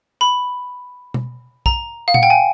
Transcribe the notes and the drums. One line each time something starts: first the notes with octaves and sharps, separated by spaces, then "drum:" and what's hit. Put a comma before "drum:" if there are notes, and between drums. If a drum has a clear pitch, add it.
B5
drum: tom B2
A#5, drum: kick B1
F5
F#5, drum: tom A#2
G5
G#5